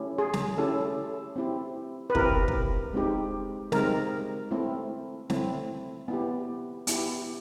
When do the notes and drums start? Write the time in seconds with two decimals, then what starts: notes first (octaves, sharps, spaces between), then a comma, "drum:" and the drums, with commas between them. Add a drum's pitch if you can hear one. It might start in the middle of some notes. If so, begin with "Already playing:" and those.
Already playing: A3 C#4 E4 G4
0.18 G#4
0.33 drum: snare
0.57 A3 C#4 E4 G4 A4
1.36 C4 E4 G4
2.10 B4
2.15 C4 E4 G4 A#4, drum: kick
2.48 drum: kick
2.93 G#3 C4 D#4 G4
3.72 G#3 C4 D#4 G4 A#4, drum: snare
4.51 A3 C4 E4
5.30 A3 C4 E4, drum: snare
6.08 B3 E4 G4
6.87 B3 E4 G4, drum: hi-hat